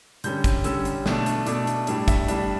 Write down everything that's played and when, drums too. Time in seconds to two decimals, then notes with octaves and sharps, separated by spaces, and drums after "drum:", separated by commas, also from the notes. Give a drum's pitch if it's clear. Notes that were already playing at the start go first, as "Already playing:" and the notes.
0.24 D3 G3 C#4 G6, drum: hi-hat
0.44 drum: kick, hi-hat
0.64 D3 G3 C#4 E6, drum: hi-hat
0.85 drum: hi-hat
1.06 B2 A3 D4, drum: snare
1.26 drum: hi-hat
1.46 B2 A3 D4 D6, drum: hi-hat
1.67 drum: hi-hat
1.87 A2 G3 D4 D5, drum: hi-hat
2.08 E5, drum: kick, hi-hat
2.28 A2 G3 D4, drum: hi-hat